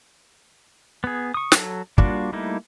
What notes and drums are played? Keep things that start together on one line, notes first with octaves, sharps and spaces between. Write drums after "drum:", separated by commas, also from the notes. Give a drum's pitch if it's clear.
B3 G#4
C#6 D#6
F#3 A4, drum: snare
G3 A#3 D4 F4 F#4, drum: kick
G3 A3 A#3 D#4 E4